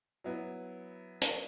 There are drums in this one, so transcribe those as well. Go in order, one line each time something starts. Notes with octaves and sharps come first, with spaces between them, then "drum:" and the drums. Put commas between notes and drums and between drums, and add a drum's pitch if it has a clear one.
F#3 B3 E4
drum: hi-hat